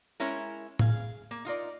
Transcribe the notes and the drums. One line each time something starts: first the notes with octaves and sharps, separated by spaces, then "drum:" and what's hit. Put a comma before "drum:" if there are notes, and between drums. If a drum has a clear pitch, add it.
G#3 C#4 E4 A#4
G#4 F5, drum: tom A2
A#3
D#4 F4 A#4 D5